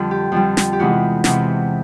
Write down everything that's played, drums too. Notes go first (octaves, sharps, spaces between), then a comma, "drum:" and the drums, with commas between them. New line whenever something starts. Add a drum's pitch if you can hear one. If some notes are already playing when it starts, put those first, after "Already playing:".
Already playing: F2 D3 G3
G4
F2 D3 G3
drum: snare
G4
E2 C3 E3 G#3 F#4
E2 C3 E3 G#3, drum: snare